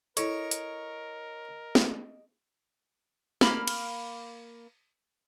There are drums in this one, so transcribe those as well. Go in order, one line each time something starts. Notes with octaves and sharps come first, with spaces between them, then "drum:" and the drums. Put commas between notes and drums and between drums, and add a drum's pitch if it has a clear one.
E4 A4 A#4 C#5 D#5 D#6 D7, drum: hi-hat
drum: hi-hat
drum: snare
A#3 G#4 B5 F6, drum: snare
drum: cymbal